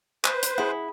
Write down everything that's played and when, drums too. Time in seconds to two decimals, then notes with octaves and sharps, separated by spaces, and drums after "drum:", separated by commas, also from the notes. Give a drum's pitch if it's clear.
0.25 B4 C5, drum: clap
0.43 drum: hi-hat
0.58 E4 G#4 F#5